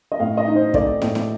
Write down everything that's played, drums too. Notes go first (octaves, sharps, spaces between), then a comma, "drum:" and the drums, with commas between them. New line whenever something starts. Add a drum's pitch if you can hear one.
D#5
A2 F5
D#5
D#4
C5
A3 D5, drum: kick
A2, drum: snare
drum: snare